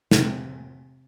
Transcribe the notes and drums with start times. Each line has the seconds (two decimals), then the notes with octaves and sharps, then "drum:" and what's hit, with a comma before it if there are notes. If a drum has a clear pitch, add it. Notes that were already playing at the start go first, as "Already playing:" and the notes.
0.11 C3, drum: snare